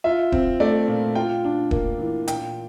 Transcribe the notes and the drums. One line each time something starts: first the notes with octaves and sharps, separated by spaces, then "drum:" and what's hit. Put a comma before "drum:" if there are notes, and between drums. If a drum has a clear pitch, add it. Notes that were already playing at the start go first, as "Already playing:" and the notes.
F4 E5
C4, drum: kick D#1
A3 D5
A#2
F4 G5
D4
A#3, drum: kick D#1
E3
A#2 G5, drum: hi-hat